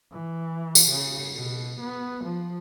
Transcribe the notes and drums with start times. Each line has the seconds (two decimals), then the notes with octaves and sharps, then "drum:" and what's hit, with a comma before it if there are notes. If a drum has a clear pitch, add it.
0.12 E3
0.75 drum: tambourine
0.90 C#3
1.36 B2
1.80 B3
2.25 F3